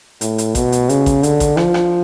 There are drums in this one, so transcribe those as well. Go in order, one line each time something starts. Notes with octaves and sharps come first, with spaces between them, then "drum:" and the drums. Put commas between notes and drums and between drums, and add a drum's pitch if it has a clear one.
A2, drum: hi-hat
drum: hi-hat
B2, drum: kick A1, hi-hat
drum: hi-hat
C#3, drum: hi-hat
drum: kick A1, hi-hat
D3, drum: hi-hat
drum: kick A1, hi-hat
F3, drum: rim click
drum: rim click